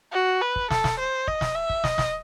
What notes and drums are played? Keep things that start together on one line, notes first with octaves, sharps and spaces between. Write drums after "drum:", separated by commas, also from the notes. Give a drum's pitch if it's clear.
F#4
B4
drum: kick
A4, drum: snare
drum: snare
C5
D#5, drum: kick
drum: snare
E5
drum: kick
D#5, drum: snare
drum: snare